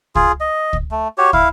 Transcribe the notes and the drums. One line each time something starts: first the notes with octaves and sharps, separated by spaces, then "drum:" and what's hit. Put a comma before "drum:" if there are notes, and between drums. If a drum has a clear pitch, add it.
F4 G#4, drum: kick
D#5
drum: kick
A3
F#4 G4 C#5
E4 F5, drum: kick